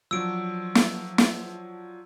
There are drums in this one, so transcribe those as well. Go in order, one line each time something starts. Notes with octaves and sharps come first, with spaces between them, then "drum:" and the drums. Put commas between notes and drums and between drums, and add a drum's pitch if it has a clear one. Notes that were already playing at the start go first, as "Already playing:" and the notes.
F3 F#3 D4 E6 D7
drum: snare
drum: snare